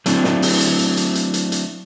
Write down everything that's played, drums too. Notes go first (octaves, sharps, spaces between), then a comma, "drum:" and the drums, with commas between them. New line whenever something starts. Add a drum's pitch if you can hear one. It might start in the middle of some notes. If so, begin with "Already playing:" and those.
F#3 A3 C4 D4 E4, drum: hi-hat
drum: snare
drum: open hi-hat
drum: hi-hat
drum: hi-hat
drum: hi-hat
drum: hi-hat
drum: hi-hat
drum: hi-hat